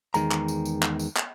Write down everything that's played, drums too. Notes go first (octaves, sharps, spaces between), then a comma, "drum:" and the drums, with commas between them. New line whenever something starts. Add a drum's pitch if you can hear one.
E2 D#3 G#3 A#5, drum: tambourine
drum: clap
drum: tambourine
drum: tambourine
drum: clap
drum: tambourine
drum: clap